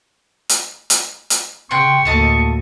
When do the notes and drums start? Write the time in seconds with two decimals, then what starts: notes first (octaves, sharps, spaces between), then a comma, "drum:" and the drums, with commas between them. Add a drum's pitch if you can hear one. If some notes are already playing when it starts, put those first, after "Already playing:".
0.49 drum: hi-hat
0.90 drum: hi-hat
1.30 drum: hi-hat
1.71 C#3 F#5 G5 C6 C#6
2.05 D2 A2 A3 A#3 D#5 A5